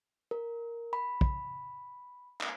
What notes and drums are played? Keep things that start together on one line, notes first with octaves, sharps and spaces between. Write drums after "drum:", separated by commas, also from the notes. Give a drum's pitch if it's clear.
A#4
B5
drum: kick
drum: clap